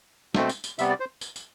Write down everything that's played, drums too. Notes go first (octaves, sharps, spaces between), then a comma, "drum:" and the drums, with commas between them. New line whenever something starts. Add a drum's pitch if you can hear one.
B2 A3 C4, drum: snare
drum: tambourine
drum: tambourine
C3 G3 B3 E5, drum: tambourine
D5
C5
drum: tambourine
drum: tambourine